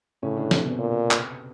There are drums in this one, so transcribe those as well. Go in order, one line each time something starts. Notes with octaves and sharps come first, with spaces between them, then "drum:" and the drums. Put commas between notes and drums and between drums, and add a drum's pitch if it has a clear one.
A2 C#3 C#4
D3 D4
C3 C4, drum: snare
B2 B3
A#2
drum: clap